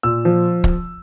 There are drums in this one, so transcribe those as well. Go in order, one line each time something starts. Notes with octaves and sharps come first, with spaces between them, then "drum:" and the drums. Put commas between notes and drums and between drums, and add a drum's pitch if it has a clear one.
A#2 E6
F3
drum: kick